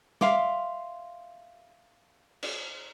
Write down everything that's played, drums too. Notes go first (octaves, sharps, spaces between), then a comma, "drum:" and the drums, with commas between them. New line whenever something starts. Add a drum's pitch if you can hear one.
E5 F5 C6 D6, drum: snare
drum: cymbal